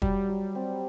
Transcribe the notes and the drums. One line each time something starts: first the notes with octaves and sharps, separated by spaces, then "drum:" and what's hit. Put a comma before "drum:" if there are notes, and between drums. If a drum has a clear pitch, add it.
F#3 G3, drum: kick
F#3
C4